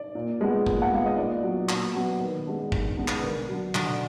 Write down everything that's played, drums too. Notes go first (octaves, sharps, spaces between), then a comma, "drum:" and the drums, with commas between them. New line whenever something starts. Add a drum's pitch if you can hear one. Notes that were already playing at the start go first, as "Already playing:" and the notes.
Already playing: D5
A#2
G#3 B3
A#2, drum: kick G#1
F#5
G#3 B3 F5
D#5
A#2 D5
F#3 B3
A#2, drum: clap
F#3 B3
D#3 B4
G#3 B3 D4
D#3, drum: kick G#1
G#3 B3 D4
D5, drum: clap
B4
D3 A#4
F#3 D4
D3, drum: clap